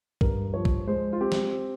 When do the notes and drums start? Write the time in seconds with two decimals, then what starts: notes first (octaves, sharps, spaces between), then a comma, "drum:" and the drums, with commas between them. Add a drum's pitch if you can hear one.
0.21 G2 A#4, drum: kick
0.54 F3 C#5
0.65 drum: kick
0.87 G#3 C5
1.13 F4
1.21 C4 G4
1.32 drum: snare